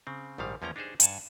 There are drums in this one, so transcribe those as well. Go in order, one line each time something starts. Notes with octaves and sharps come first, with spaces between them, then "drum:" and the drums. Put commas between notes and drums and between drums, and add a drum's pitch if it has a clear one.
C#3 C4
A#1 G#2 D#3 G3 F5
E2 F3 A#3 C#4 G5 A#5
D4 D#4 G4 G#4 C5
G2 F#5 G#5 A5, drum: hi-hat